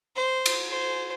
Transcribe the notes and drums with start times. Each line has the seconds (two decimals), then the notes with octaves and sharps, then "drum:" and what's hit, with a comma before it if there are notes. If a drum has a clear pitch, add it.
0.16 C5
0.46 drum: cymbal
0.69 C5